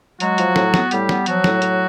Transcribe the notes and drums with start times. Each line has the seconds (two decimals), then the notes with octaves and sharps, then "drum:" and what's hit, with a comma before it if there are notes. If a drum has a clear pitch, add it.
0.20 F#3 G#3 F#4, drum: hi-hat
0.38 F3, drum: hi-hat
0.56 A2, drum: snare
0.74 B3, drum: snare
0.91 A2 G3 G4, drum: hi-hat
1.09 B3, drum: snare
1.26 F3 F#3 F#4, drum: hi-hat
1.44 A2, drum: snare
1.62 A2, drum: hi-hat